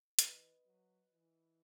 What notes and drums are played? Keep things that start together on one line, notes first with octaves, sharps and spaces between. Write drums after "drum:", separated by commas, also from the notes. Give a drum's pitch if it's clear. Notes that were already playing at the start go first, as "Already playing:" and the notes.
E3 B4 D#5, drum: hi-hat
F#3
E3